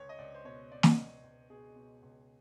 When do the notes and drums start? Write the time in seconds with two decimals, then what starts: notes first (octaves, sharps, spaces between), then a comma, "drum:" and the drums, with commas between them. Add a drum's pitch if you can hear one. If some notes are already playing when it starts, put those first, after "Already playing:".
Already playing: C#2 C#5
0.09 D#5
0.18 C#2 D5
0.34 C5
0.45 B2 C#5
0.71 B2 D5
0.83 D#5, drum: snare
0.96 C#2 D5
1.24 C#2
1.50 B2 G#4
1.76 B2
2.02 C#2